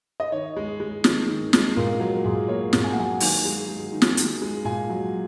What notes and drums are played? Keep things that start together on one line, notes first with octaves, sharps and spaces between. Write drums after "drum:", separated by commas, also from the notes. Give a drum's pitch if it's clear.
D#5
D#3 C#5
G#3
G#3
D#3, drum: snare
D#3
G#3, drum: snare
A#2 A#4
F#3 A#4
A#2 G#4
A#3 C#5
A#2, drum: snare
G#5
F#5
F#3 G#5
D#3 G#5, drum: open hi-hat
G#3
G#3
D#3
drum: snare
D#3, drum: hi-hat
G#3
A#2 G#5
F#3